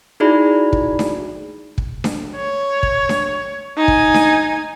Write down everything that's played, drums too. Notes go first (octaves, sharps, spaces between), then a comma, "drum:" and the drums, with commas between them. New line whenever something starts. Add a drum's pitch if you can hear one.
D#4 E4 F#4 G#4 D5 B5
drum: kick
drum: snare D4
drum: kick
drum: snare D4
C#5
drum: kick
drum: snare D4
D#4 G#5
drum: kick
drum: snare D4